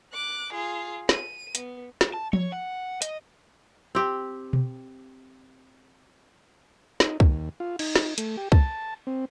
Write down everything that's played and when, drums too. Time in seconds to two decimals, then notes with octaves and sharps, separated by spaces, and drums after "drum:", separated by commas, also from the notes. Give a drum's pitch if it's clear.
0.12 D6 F#6
0.53 F4 G#4
1.09 D#7, drum: snare
1.55 B3, drum: hi-hat
2.01 drum: snare
2.14 A5
2.33 C#5, drum: tom F3
2.52 F#5
3.02 D#5, drum: hi-hat
3.95 C4 G4
4.53 drum: tom B2
7.00 D#4, drum: snare
7.20 D#2, drum: kick
7.60 F4
7.79 D#4, drum: cymbal
7.96 drum: snare
8.18 A3, drum: hi-hat
8.37 G4
8.52 A5, drum: kick
9.07 C4